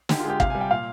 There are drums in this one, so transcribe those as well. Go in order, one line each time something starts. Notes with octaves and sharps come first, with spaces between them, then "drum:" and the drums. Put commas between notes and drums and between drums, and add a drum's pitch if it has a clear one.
D3 G4, drum: snare
G#3 F4
G4
C3 F5, drum: kick
G3 G#5
G5
A#2 F5